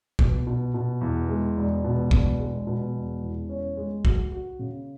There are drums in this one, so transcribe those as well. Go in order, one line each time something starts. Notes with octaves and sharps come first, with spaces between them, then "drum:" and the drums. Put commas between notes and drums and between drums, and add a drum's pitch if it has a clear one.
B2, drum: kick
B2
B2
E2
G#3
E1
B2
E1, drum: kick
G#3
B2
E1
E2
C#4
G#3
F#4, drum: kick
F#4
C#3